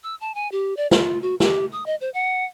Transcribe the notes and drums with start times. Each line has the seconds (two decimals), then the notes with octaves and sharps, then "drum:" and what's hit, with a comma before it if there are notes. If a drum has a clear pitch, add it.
0.03 E6
0.21 A5
0.35 G#5
0.52 G4
0.77 D5
0.91 F4, drum: snare
1.22 F#4
1.40 G4, drum: snare
1.72 D#6
1.86 D#5
2.01 C5
2.14 F#5